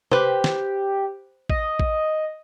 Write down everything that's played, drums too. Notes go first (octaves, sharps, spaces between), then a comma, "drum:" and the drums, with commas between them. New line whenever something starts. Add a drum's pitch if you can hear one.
G4 B4 C5, drum: tom C3
drum: snare
D#5, drum: kick A1
drum: kick A1